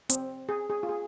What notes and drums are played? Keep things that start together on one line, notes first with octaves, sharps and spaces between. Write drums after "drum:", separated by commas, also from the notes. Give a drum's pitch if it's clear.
C4, drum: hi-hat
G#4
G#4
F4
G#4